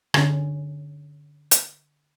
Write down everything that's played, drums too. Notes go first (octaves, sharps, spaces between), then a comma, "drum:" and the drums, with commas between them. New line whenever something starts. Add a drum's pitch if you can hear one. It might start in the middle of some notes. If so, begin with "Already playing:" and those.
D3 C#4, drum: rim click
drum: hi-hat